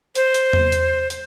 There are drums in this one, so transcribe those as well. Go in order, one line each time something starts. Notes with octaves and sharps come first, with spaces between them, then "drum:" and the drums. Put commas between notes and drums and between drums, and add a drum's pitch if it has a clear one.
C5, drum: hi-hat
drum: hi-hat
drum: tom E2
drum: hi-hat
drum: hi-hat